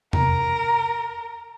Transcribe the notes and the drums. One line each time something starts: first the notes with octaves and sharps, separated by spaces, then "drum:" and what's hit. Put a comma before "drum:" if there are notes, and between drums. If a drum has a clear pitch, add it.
A#4, drum: tom E2